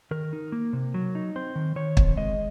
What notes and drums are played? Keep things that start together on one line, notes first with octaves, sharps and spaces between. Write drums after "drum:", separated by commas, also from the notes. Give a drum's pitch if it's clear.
D#3 A#4
D#4
A#3
C3
F#3
D#4
C4 C5
D#3
D#3 C#5
C4, drum: kick
G#3 D#5